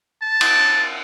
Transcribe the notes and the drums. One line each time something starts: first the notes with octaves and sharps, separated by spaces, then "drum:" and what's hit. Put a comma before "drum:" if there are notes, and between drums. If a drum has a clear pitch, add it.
A5
drum: cymbal